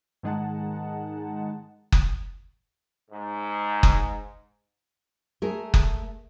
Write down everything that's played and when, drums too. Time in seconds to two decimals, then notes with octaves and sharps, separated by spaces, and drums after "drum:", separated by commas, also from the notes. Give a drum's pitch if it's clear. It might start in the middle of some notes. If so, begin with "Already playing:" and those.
0.23 G#2 D#3 G#3 D#4 F#5 A5
1.92 drum: kick F#1
3.11 G#2
3.83 drum: kick F#1
5.42 A3 G#4 A#4
5.74 drum: kick F#1